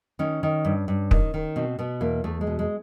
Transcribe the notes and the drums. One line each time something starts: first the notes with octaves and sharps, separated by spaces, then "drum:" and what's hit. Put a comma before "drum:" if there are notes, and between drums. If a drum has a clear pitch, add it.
D#3 C#4
D#3
G2
G2
D#3, drum: kick
D#3
B2 C4
B2 B3
E2 A#3
E2 A3
G#3
B2
G#3